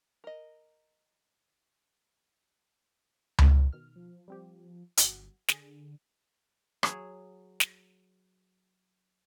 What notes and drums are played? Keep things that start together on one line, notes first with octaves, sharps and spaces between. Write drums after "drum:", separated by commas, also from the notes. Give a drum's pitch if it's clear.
A#4 D#5
drum: tom C#2
B2 D#3 F6
F3
G3 C4 G4
G1 F#3 F#4, drum: hi-hat
D3 G#4, drum: snare
F#3 G#4, drum: rim click
drum: snare